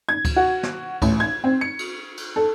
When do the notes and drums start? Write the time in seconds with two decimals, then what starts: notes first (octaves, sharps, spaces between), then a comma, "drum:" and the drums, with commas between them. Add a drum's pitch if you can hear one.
0.09 G#6
0.25 drum: kick C#2, cymbal
0.36 F#4
0.63 drum: snare
1.02 A1, drum: kick C#2, cymbal
1.20 G#6
1.44 C4
1.61 C#7
1.79 drum: cymbal
2.17 drum: cymbal
2.36 A4